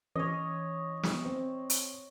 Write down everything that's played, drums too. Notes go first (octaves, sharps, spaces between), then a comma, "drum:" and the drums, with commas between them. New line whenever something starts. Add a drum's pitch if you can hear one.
E3 C#4 C#5 D#5
drum: snare
C4
drum: hi-hat